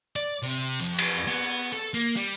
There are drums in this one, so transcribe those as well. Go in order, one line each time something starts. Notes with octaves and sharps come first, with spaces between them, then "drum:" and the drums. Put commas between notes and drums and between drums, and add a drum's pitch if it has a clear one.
D5
C3
F2
drum: cymbal
B3
A4
A#3
G3